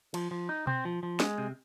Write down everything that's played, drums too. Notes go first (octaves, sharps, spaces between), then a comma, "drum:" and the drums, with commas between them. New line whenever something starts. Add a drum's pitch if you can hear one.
F3, drum: cymbal
F3
D#4
C4, drum: tom B2
F3
F3
G#3, drum: snare
C3